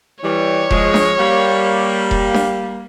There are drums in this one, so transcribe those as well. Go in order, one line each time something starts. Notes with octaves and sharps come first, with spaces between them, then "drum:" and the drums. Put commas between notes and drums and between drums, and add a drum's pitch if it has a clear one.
E3 G3 C#5
F3 G#3, drum: kick E1
drum: snare D4
G3 A#3
drum: kick E1
drum: snare D4